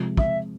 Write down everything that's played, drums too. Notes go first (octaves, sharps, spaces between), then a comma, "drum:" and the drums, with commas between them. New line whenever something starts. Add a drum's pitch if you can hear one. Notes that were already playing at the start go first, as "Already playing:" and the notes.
Already playing: C3 F3 G#3
E5, drum: kick